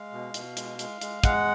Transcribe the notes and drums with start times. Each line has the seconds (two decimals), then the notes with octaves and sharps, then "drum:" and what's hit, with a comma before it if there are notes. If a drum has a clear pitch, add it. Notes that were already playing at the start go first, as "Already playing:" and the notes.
Already playing: G#3 F5
0.12 B2
0.34 B2, drum: hi-hat
0.57 G#3, drum: hi-hat
0.79 G#3, drum: hi-hat
1.01 G#3, drum: hi-hat
1.24 G#3 F#5, drum: kick, hi-hat